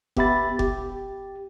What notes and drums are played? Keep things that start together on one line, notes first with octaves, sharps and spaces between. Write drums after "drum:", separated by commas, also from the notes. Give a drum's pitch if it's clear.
B3 G4 E5 B5 A6, drum: kick F1
G4, drum: kick F1